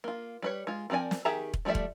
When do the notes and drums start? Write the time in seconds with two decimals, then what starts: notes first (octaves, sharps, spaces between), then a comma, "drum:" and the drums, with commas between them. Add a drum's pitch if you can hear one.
0.04 A#3 F4
0.42 G3 B4 C#5
0.67 G#3 F4
0.90 F3 C4 A#4 D5 G#5
1.11 drum: snare
1.25 D#3 G4 G#4 E5 A#5
1.54 drum: kick
1.65 F3 G3 A3 D5 E5
1.75 drum: kick